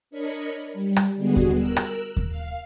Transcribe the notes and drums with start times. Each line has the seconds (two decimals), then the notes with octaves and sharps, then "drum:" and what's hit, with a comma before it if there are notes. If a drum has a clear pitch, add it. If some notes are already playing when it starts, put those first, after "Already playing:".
0.11 D4 A#4 C#5 D#5 B5 C#6
0.73 G3
0.96 drum: rim click
1.16 D3 G3 G#3 B3 F#4 G#4
1.36 drum: kick D#2
1.57 A#4 E6 F#6
1.77 drum: rim click
2.17 drum: kick D#2
2.29 F5